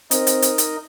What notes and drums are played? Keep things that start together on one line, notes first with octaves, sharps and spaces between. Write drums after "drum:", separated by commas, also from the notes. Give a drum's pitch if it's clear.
C4 D#4 A#4 D#5, drum: hi-hat
drum: hi-hat
drum: hi-hat
drum: hi-hat